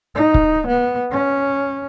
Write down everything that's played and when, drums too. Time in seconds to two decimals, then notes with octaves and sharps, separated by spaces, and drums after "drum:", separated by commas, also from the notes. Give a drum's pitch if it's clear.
0.15 D#4
0.34 drum: kick
0.67 B3
1.12 C#4